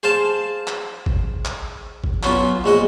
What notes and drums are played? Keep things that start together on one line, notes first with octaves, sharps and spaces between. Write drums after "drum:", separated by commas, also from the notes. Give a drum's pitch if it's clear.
G#4 C5 F5 A5
drum: clap
drum: kick
drum: clap
drum: kick
F#3 B3 C#4 F4, drum: clap
A#1 G#3 F#4 D#5